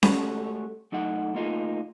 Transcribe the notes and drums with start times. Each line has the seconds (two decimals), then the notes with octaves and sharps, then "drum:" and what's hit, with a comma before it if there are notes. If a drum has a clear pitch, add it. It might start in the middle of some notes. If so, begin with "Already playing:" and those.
0.03 G#3 A3 C#4 F#4 G4 A4, drum: snare C#4
0.92 F#3 A3 D#4 E4 A4 F#5
1.35 A3 A#3 D#4 F4 G#4